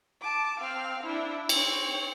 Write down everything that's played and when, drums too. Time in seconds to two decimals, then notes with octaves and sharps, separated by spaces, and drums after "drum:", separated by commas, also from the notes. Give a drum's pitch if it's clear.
0.21 A5 D6
0.60 C4 F5
1.03 D4 E4
1.49 C4 C#5, drum: cymbal